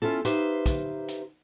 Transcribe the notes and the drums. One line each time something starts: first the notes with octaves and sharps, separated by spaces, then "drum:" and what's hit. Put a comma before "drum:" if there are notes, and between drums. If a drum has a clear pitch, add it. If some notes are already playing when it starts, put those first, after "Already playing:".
C#4 E4 F4 A4
D#4 G4 B4 C5 E5 F5, drum: hi-hat
drum: kick, hi-hat
drum: hi-hat